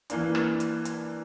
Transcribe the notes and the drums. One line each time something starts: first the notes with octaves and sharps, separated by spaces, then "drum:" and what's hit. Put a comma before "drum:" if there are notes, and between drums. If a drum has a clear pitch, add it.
E3 A#3 D4, drum: hi-hat
drum: rim click
drum: hi-hat
drum: hi-hat